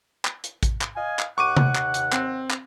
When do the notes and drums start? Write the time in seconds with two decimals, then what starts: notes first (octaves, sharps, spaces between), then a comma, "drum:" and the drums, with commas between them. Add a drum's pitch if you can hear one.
0.25 drum: clap
0.44 drum: hi-hat
0.63 drum: kick A1, hi-hat
0.81 drum: clap
0.96 D#5 F5 G#5
1.19 drum: clap
1.38 D#2 F#5 C#6 D6 D#7
1.57 drum: tom C3
1.75 drum: clap
1.94 drum: hi-hat
2.12 C4, drum: clap
2.50 drum: clap